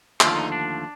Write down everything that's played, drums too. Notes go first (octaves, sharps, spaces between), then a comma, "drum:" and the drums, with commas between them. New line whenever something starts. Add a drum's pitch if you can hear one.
D#2 D3 F3 A3 F4, drum: clap
D#4
D4